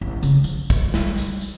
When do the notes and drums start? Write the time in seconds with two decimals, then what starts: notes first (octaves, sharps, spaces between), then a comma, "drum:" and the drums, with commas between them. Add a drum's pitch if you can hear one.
0.01 A1
0.23 C#3 C#4, drum: tambourine
0.44 F3, drum: tambourine
0.70 drum: kick, tambourine
0.94 G3 D#4, drum: snare
1.18 drum: tambourine
1.41 drum: tambourine